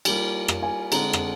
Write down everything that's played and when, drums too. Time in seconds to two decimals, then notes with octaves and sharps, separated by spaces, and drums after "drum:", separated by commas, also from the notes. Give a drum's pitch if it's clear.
0.05 G3 A#3 F4, drum: cymbal
0.48 drum: rim click
0.62 G#5
0.92 D3 G#3 C4 A#5, drum: cymbal
1.13 drum: rim click